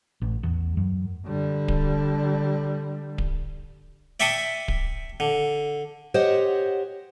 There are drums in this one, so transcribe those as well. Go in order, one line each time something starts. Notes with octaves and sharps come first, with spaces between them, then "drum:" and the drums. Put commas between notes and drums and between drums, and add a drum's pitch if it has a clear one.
A1
E2
F#2
D3 G3
drum: kick D1
drum: kick D1
D5 E5 G5 A5 C#6 D#6
drum: kick D1
D3
G4 C5 C#5 D#5 F#5